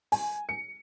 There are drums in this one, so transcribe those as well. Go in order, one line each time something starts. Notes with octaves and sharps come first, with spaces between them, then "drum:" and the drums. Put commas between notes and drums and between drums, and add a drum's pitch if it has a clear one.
G#5, drum: open hi-hat
C#7